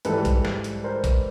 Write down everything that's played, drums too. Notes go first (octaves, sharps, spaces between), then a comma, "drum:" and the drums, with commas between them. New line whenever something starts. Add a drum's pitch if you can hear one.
G#2 E3 G3 A4 B4, drum: hi-hat
drum: kick A#1, hi-hat
drum: snare
drum: hi-hat
A#4 C5
drum: kick A#1, hi-hat